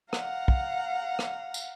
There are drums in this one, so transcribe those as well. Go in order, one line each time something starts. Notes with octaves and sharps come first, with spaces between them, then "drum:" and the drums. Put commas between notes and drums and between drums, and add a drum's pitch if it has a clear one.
F5 F#5 A#5, drum: rim click
drum: kick
drum: rim click
drum: tambourine